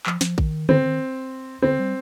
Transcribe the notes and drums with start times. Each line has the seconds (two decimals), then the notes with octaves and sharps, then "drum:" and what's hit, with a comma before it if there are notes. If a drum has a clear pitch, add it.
0.06 F3, drum: clap
0.21 F3, drum: snare
0.38 D#3, drum: kick A1
0.69 D3 C4, drum: tom D3
0.85 D#3
1.62 D3 C4
1.79 G3